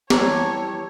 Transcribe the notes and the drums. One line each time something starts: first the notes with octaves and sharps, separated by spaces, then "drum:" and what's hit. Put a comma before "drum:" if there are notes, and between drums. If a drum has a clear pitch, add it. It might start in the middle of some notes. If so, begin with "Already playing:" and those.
E3 G3 C#5 A5 A#5 D6 E6, drum: snare